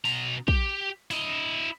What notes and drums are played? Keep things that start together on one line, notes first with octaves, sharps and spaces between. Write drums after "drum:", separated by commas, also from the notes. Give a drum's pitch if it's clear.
B2 A#5, drum: open hi-hat
G4, drum: kick
E4 D#5, drum: open hi-hat